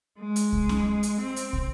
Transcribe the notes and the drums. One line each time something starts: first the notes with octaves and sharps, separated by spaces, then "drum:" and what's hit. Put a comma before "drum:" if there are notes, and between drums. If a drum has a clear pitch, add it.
G#3
drum: hi-hat
drum: kick
drum: snare C#4
drum: hi-hat
C4
drum: hi-hat
drum: kick